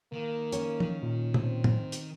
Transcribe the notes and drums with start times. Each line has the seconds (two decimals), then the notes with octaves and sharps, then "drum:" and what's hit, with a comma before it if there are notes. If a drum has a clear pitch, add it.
0.13 D#3 A#3
0.52 C#4, drum: hi-hat
0.80 drum: tom
1.03 A#2
1.34 C4, drum: tom
1.64 drum: tom
1.92 drum: hi-hat